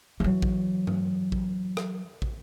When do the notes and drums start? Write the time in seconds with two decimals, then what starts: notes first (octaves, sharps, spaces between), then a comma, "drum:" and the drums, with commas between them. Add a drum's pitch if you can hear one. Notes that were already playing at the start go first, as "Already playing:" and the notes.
0.20 E3 F#3
0.42 drum: kick
0.87 drum: tom G2
1.32 drum: kick
1.77 drum: rim click
2.22 drum: kick